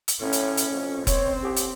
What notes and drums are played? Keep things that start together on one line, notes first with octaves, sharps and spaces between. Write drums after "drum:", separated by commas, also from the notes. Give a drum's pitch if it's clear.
drum: hi-hat
A2 C#4
drum: hi-hat
drum: hi-hat
F2
C4 C#5, drum: kick F1, hi-hat
G4
drum: hi-hat